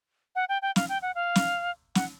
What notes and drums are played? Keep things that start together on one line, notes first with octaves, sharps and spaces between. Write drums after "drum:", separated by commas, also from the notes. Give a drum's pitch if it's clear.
F#5
G5
G5
F5, drum: snare
G5
F#5
F5
drum: snare
F#5, drum: snare